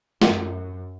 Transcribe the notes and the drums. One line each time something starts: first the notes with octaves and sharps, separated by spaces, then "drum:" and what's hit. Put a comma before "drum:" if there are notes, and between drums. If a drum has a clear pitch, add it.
F#2, drum: snare